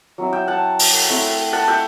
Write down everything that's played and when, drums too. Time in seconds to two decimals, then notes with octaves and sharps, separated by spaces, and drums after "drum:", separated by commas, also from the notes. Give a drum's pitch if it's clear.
0.18 F#3 C4 E4
0.33 E5 G5
0.48 F#5 A5
0.79 drum: open hi-hat
1.09 A3 C4 E4
1.53 F#5 A5
1.68 E5 G5